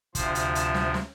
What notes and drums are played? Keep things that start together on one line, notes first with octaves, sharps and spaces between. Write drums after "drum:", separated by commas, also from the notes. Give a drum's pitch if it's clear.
D2 C3 F3 C5, drum: kick, hi-hat
drum: hi-hat
A5, drum: hi-hat
drum: snare
drum: snare